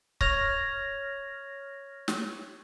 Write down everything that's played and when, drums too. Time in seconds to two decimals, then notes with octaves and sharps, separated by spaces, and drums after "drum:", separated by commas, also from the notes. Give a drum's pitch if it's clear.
0.21 C#5 C#6 F6 G#6 A#6 F7, drum: kick C#1
2.08 drum: snare